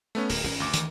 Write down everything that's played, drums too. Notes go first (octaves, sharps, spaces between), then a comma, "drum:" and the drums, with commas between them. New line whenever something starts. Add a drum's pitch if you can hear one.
A3 B3 C#4
D1 A#4, drum: open hi-hat
G1 D#3 C#4
D2 D6
D#3 E3, drum: hi-hat